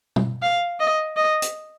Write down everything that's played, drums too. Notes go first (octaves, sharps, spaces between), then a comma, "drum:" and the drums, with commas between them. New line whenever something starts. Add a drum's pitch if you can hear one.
drum: tom B2
F5
D#5
D#5
drum: hi-hat